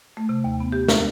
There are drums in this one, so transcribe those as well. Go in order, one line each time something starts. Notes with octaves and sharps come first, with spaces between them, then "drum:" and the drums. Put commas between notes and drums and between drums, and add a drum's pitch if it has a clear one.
A3
C3
D#2
B3
G4
D4, drum: snare